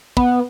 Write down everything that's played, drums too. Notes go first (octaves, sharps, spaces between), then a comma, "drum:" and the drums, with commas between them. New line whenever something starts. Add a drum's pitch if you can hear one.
B3, drum: kick